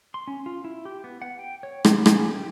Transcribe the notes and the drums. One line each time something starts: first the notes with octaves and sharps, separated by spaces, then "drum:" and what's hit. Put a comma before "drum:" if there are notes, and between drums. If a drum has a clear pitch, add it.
C6
C#4
F4
E4
G4
B3
F#5
G5
C#5
G3, drum: rim click
G#4, drum: rim click
G4